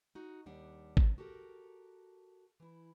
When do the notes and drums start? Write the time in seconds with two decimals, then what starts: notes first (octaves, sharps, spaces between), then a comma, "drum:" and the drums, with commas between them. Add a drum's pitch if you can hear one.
0.15 D#4 F#4
0.46 D#2 G3 D4 F#5
0.97 drum: kick G#1
1.18 F#4 G4 A4 A#4
2.60 E3 E4